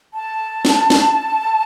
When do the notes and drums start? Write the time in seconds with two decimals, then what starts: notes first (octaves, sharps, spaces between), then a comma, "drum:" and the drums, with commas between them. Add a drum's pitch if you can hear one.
0.14 A5
0.65 drum: snare
0.90 drum: snare